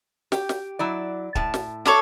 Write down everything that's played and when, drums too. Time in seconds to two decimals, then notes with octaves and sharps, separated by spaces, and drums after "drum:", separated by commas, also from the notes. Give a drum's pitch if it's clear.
0.32 G4, drum: snare
0.49 drum: snare
0.79 F#3 E4 D5
1.35 A2 A5, drum: kick
1.54 drum: snare
1.86 D4 A4 C#5, drum: snare